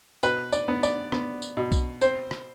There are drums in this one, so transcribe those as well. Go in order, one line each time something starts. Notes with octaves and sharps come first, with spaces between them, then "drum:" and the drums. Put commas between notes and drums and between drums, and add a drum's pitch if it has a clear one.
B2 B4, drum: tambourine
D5, drum: tambourine
B3
D5, drum: tambourine
B3, drum: rim click
drum: tambourine
B2
drum: kick B1, tambourine
C4 C5, drum: tambourine
drum: rim click